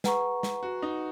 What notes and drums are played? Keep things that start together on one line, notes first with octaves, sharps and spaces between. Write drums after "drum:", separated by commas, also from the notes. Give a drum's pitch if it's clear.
G#4 B4 F#5 A#5 C#6, drum: snare
drum: snare
F#4
D#4